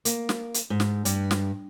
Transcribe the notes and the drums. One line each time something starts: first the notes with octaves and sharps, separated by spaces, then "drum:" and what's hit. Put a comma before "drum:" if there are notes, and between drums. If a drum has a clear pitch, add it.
A#3, drum: hi-hat
drum: snare
drum: hi-hat
G#2
drum: snare
G2, drum: hi-hat
drum: snare